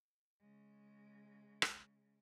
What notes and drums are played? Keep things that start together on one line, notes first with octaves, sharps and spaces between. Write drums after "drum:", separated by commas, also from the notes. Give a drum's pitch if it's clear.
C#3 G#3
drum: rim click